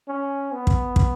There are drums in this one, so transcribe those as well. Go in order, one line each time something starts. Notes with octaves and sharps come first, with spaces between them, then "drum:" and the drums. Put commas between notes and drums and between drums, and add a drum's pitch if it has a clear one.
C#4
B3
drum: kick
drum: kick